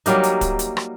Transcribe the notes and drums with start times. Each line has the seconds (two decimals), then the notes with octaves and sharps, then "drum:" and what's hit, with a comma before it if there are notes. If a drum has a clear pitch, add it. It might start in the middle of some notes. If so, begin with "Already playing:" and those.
0.06 F#3 G3 A#3 D#4, drum: hi-hat
0.23 drum: hi-hat
0.41 drum: kick, hi-hat
0.59 drum: hi-hat
0.77 drum: rim click